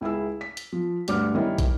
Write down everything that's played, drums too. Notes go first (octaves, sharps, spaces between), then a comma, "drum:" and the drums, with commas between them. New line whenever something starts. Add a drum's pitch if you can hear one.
C#2 E4 G#4 E6
B6
drum: hi-hat
F3
D2 G2 D4 D6 F6, drum: hi-hat
D#3 G3 A#3 C#4 E4
drum: kick, hi-hat